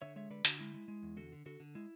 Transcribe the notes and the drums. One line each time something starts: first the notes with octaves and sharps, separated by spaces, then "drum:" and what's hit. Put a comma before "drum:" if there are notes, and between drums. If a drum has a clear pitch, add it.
D3 C#5 E5
G#3 C#5 E5
D3 B4 D5
D3 D4 F#4, drum: hi-hat
G#3 E4
G#3
G#3
E2
D3 F#4 A4
D3
D3 F#4 A4
D3
G#3 E4